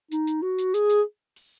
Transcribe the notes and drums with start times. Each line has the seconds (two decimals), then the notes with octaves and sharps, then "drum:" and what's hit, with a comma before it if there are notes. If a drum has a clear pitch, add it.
0.11 D#4, drum: hi-hat
0.27 drum: hi-hat
0.42 F#4
0.58 drum: hi-hat
0.74 G#4, drum: hi-hat
0.89 drum: hi-hat
1.36 drum: open hi-hat